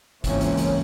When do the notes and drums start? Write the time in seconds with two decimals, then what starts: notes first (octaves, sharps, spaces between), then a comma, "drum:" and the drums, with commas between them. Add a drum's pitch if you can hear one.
0.24 C#2 G#2 E3 A#3 C4 C#4, drum: kick, hi-hat
0.41 drum: hi-hat
0.57 drum: hi-hat